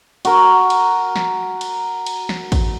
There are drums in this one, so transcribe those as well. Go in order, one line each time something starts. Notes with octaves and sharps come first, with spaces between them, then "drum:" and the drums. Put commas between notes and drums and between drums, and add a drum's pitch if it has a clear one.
F#4 A#4, drum: cymbal
drum: cymbal
drum: snare
drum: cymbal
drum: cymbal
drum: snare
drum: kick, cymbal